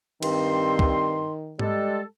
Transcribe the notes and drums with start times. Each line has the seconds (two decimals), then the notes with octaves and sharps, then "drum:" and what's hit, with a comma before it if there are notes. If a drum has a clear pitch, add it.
0.23 G2 D#3 C4 C6, drum: cymbal
0.79 drum: kick C#2
1.59 G3 G#3 A4, drum: tom G#2